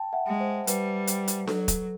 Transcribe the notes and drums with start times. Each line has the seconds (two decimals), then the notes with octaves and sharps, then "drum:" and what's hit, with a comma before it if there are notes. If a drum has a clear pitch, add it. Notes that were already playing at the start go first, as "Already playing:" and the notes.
Already playing: G5 A5
0.13 E5 F#5
0.27 G#3
0.40 C5
0.67 G3 B4, drum: hi-hat
1.07 drum: hi-hat
1.28 drum: hi-hat
1.47 F#3 A4, drum: snare D4
1.68 drum: kick, hi-hat